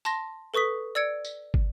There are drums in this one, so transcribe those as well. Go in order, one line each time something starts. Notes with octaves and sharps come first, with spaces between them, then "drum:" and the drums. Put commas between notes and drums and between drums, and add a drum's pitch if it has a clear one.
A5 C6 A#6, drum: tambourine
A4 B4 C#6 D#6 B6
D5 E6 G#6 C#7 D7
drum: tambourine
drum: kick